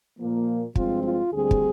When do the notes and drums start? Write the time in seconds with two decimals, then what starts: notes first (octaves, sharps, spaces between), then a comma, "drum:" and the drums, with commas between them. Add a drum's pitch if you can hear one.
0.19 A#2 F3 A#3
0.75 G2 F3 G#3 C4 F4, drum: kick
1.04 F4
1.32 D2 D3 G3 C4 G#4
1.51 drum: kick